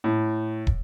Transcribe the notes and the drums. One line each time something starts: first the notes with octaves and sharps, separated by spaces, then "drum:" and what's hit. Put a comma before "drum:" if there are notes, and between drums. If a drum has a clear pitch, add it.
A2
drum: kick